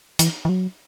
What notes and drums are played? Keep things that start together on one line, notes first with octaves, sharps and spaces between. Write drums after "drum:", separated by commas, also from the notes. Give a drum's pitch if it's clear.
E3, drum: hi-hat
E3
F#3